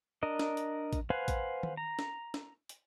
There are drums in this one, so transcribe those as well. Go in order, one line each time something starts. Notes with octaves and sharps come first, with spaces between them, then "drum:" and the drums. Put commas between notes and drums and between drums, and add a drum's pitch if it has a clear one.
D4 A#4 D#5
drum: snare
drum: hi-hat
drum: kick, hi-hat
B4 C5 F5 F#5 G#5
drum: kick, hi-hat
drum: tom D#3
A#5
drum: snare
drum: snare
drum: hi-hat